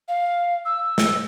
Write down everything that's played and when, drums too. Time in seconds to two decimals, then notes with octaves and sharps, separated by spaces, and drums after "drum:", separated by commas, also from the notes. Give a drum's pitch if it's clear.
0.08 F5
0.65 E6
0.98 drum: snare